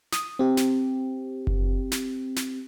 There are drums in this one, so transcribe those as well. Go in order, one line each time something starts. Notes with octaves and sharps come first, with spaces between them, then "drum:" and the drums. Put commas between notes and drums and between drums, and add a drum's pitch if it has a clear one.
D#6, drum: snare
C4 G4
drum: snare
drum: kick F#1
drum: snare
drum: snare